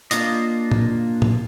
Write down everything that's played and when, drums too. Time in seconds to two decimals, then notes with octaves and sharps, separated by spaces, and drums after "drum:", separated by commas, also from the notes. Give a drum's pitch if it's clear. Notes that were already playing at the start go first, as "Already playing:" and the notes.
0.11 A#3 D4 F4 D#5, drum: hi-hat
0.71 drum: tom
1.22 drum: tom